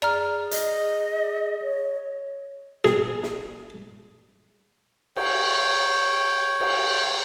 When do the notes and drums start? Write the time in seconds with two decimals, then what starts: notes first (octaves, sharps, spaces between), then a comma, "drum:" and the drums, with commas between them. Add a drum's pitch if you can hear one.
0.02 G#4 D5 A#5 F6, drum: rim click
0.51 D#5, drum: hi-hat
1.62 C#5
2.85 G#4, drum: snare
3.23 drum: snare
5.16 C#5 G5, drum: cymbal
6.60 drum: cymbal